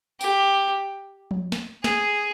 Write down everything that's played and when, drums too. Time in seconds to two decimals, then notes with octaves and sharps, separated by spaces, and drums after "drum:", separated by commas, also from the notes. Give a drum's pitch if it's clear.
0.21 G4, drum: tambourine
1.31 drum: tom F3
1.52 drum: snare
1.84 G#4, drum: snare